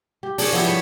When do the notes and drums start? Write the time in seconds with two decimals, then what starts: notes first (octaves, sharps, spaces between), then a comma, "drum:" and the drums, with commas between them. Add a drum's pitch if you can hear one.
0.23 G4
0.38 D4 G#4 C#5, drum: open hi-hat
0.53 F3 B3 E4 G4
0.65 B4 C#5